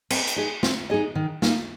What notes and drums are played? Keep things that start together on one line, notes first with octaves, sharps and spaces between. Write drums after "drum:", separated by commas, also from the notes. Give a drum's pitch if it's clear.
C4, drum: cymbal
drum: hi-hat
D#4 G#4 D#5
C4, drum: snare
D#4 G#4 D#5
D#3
A#3 D#4, drum: snare